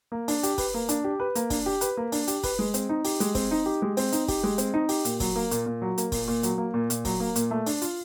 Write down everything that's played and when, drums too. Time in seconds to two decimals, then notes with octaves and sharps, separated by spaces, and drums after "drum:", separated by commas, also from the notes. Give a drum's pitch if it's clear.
0.12 A#3
0.28 D4, drum: open hi-hat
0.43 G4, drum: hi-hat
0.58 B4, drum: kick, open hi-hat
0.74 A#3
0.89 D4, drum: hi-hat
1.04 G4
1.20 B4
1.35 A#3, drum: hi-hat
1.50 D4, drum: kick, open hi-hat
1.66 G4
1.81 B4, drum: hi-hat
1.97 A#3
2.12 D4, drum: open hi-hat
2.28 G4, drum: hi-hat
2.43 B4, drum: kick, open hi-hat
2.59 G#3
2.74 C4, drum: hi-hat
2.89 D#4
3.05 G4, drum: open hi-hat
3.20 G#3, drum: hi-hat
3.35 C4, drum: kick, open hi-hat
3.51 D#4
3.66 G4
3.82 G#3
3.97 C4, drum: open hi-hat
4.12 D#4, drum: hi-hat
4.28 G4, drum: kick, open hi-hat
4.43 G#3
4.58 C4, drum: hi-hat
4.74 D#4
4.89 G4, drum: open hi-hat
5.05 A#2, drum: hi-hat
5.20 F#3, drum: kick, open hi-hat
5.36 A#3
5.51 A#2, drum: hi-hat
5.66 A#2
5.82 F#3
5.98 A#3, drum: hi-hat
6.12 A#2, drum: kick, open hi-hat
6.28 A#2
6.43 F#3, drum: hi-hat
6.58 A#3
6.74 A#2
6.90 A#2, drum: hi-hat
7.05 F#3, drum: kick, open hi-hat
7.20 A#3
7.36 A#2, drum: hi-hat
7.51 A3
7.66 D4, drum: open hi-hat
7.82 F4, drum: hi-hat